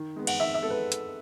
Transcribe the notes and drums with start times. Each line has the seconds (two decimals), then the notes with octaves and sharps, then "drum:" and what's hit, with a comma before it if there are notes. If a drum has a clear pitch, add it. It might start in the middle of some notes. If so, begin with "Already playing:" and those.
Already playing: D#3
0.16 G#3 B3
0.27 F#5, drum: cymbal
0.39 D#3 E5
0.54 E5
0.62 G#3 B3 A4
0.70 B4
0.92 drum: hi-hat